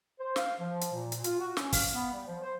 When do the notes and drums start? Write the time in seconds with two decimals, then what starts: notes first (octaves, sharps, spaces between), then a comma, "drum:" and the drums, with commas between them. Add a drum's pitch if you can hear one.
0.20 C5
0.36 F5, drum: snare
0.59 F3
0.81 drum: hi-hat
0.92 A#2
1.12 drum: hi-hat
1.24 F4, drum: hi-hat
1.39 F#4
1.57 C#4, drum: snare
1.73 F5, drum: kick, open hi-hat
1.94 B3
2.11 G3
2.27 F3
2.42 C5